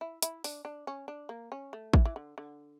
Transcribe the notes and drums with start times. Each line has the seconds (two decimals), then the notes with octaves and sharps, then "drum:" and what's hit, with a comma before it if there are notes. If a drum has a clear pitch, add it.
0.01 E4
0.22 E4, drum: hi-hat
0.44 D4, drum: open hi-hat
0.65 D4
0.87 C#4
1.08 D4
1.29 A#3
1.52 C#4
1.73 A3
1.93 E3, drum: kick
2.05 E3
2.16 D3
2.38 D3